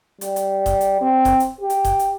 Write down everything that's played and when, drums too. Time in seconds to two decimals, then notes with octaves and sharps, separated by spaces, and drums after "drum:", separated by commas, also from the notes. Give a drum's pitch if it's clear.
0.21 G3, drum: hi-hat
0.36 drum: hi-hat
0.66 drum: kick D#1, hi-hat
0.81 drum: hi-hat
1.02 C4
1.25 drum: kick D#1, hi-hat
1.40 drum: hi-hat
1.60 G4
1.70 drum: hi-hat
1.84 drum: kick D#1, hi-hat
1.99 drum: hi-hat